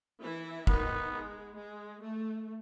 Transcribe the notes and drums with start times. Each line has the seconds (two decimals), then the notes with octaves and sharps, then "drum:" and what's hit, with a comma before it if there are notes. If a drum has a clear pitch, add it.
0.22 E3 E4
0.67 D#3 B3 D#4, drum: kick
1.12 G#3
1.57 G#3
2.02 A3